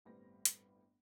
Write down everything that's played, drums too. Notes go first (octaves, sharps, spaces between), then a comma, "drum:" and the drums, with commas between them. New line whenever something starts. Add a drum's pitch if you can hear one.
G1 A2 G3 B3 C4 A#6
drum: hi-hat